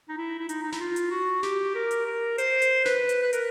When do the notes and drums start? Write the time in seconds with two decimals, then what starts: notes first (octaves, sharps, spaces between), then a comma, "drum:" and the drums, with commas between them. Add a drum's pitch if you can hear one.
0.09 D#4
0.18 E4
0.39 E4
0.49 D#4, drum: hi-hat
0.63 D#4
0.72 E4, drum: snare
0.80 F4
0.96 drum: hi-hat
1.11 F#4
1.43 G4, drum: snare
1.75 A#4
1.91 drum: hi-hat
2.06 A#4
2.38 C5, drum: hi-hat
2.62 drum: hi-hat
2.85 B4, drum: snare
3.09 drum: hi-hat
3.23 B4
3.33 A#4, drum: hi-hat